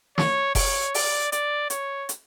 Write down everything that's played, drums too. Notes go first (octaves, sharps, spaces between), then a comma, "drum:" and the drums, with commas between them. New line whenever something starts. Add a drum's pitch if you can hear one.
C#5, drum: snare
C#5, drum: kick F1, open hi-hat
D5, drum: open hi-hat
D5, drum: hi-hat
C#5, drum: hi-hat
drum: hi-hat